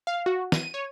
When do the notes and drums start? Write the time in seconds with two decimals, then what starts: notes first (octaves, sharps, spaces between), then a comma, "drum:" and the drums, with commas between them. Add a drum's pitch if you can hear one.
0.07 F5
0.26 F#4
0.52 D#7, drum: snare
0.74 C#5